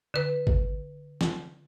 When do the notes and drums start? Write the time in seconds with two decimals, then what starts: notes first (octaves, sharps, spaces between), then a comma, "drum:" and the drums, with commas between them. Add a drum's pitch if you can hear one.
0.14 D3 B4
0.47 drum: kick G#1
1.21 drum: snare